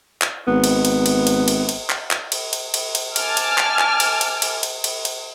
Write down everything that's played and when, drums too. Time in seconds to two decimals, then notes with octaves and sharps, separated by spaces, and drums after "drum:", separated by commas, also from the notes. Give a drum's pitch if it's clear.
0.22 drum: clap
0.48 G#1 B3
0.64 drum: cymbal
0.85 drum: cymbal
1.06 drum: cymbal
1.27 drum: cymbal
1.48 drum: cymbal
1.69 drum: cymbal
1.90 drum: clap
2.11 drum: clap
2.32 drum: cymbal
2.53 drum: cymbal
2.74 drum: cymbal
2.95 drum: cymbal
3.16 G#5 A5 D6 F6, drum: cymbal
3.37 drum: cymbal
3.58 drum: clap
3.79 drum: clap
4.00 drum: cymbal
4.21 drum: cymbal
4.42 drum: cymbal
4.63 drum: cymbal
4.84 drum: cymbal
5.05 drum: cymbal